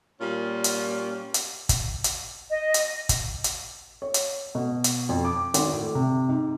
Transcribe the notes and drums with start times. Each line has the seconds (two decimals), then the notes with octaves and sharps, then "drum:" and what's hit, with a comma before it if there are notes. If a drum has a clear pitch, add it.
0.21 A#2 G3 C#4 F4
0.64 drum: hi-hat
1.34 drum: hi-hat
1.69 drum: kick, hi-hat
2.04 drum: hi-hat
2.50 D#5
2.74 drum: hi-hat
3.09 drum: kick, hi-hat
3.44 drum: hi-hat
4.02 C#5
4.14 drum: hi-hat
4.55 B2
4.84 drum: hi-hat
5.09 F2
5.25 D6
5.54 G#1, drum: hi-hat
5.73 A2
5.95 C3
6.29 G#2